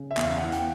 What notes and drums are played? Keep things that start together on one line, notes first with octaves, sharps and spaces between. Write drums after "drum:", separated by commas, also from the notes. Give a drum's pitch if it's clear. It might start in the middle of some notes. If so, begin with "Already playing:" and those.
Already playing: C#3
E5
E2, drum: clap
F5
E3 F#5
G5, drum: hi-hat